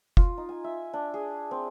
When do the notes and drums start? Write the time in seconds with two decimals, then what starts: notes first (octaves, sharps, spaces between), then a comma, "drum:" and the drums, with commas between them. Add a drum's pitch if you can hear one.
0.17 F4, drum: kick
0.38 D#4
0.49 G#5
0.64 E5
0.93 D4
1.14 G#4
1.51 C4